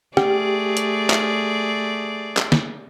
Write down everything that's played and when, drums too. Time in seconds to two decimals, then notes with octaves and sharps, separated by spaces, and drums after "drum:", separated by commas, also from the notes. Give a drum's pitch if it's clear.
0.17 A3 G4 G#4 D5, drum: rim click
0.77 drum: hi-hat
1.10 drum: clap
2.37 drum: clap
2.52 drum: snare